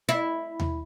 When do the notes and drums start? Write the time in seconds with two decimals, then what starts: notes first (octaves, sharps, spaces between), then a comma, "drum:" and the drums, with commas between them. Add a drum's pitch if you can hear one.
0.09 E4
0.60 drum: tom D#2